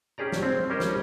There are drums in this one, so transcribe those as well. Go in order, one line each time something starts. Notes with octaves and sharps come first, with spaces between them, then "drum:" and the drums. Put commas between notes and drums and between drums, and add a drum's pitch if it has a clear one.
C#4 G4 G#4 D5 A#5
drum: snare
C4
G3 C#4 A#4 C5 C#5 D#5
drum: snare